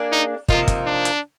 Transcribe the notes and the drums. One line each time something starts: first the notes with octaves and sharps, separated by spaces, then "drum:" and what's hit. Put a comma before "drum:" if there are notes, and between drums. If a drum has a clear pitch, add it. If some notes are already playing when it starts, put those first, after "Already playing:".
Already playing: A#3 D4 G#4 D5
D#4
C3 F3 A#3 D#4 F4, drum: kick
drum: kick, hi-hat
D4
drum: hi-hat